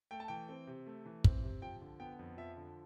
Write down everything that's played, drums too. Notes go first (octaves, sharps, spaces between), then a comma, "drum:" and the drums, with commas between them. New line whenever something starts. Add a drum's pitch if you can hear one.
A3 G5
A5
E3 G5
C4
C3
A3
E3
C4, drum: kick
C3
F3 G5
D3
B3 G5
F2
F3 E5
D3